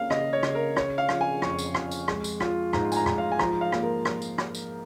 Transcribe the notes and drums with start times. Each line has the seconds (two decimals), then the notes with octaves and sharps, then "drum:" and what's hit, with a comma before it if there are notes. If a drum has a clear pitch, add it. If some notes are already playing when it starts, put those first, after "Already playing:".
Already playing: A#3 C#4 F5
0.10 C#3 D#5, drum: rim click
0.33 C#5
0.43 C#3, drum: rim click
0.55 A#4
0.76 C#3 C#5, drum: rim click
0.98 F5
1.09 F3, drum: rim click
1.21 G#5
1.42 F2 C#6, drum: rim click
1.59 drum: tambourine
1.74 F2, drum: rim click
1.91 drum: tambourine
2.08 G#3, drum: rim click
2.24 drum: tambourine
2.40 F4, drum: rim click
2.73 G#2 A#5, drum: rim click
2.92 G#5, drum: tambourine
2.96 A#5
3.06 G#2, drum: rim click
3.18 F5
3.32 G#5
3.39 F3 A#5, drum: rim click
3.61 F5
3.72 A#3, drum: rim click
3.83 A#4
4.05 drum: rim click
4.22 drum: tambourine
4.38 drum: rim click
4.55 drum: tambourine